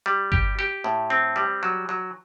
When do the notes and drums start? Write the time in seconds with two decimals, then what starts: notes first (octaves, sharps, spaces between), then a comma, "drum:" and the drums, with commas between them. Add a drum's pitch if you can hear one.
0.06 G3
0.32 G4, drum: kick G1
0.59 G4
0.84 A2
1.10 C4
1.36 G3
1.63 F#3
1.89 F#3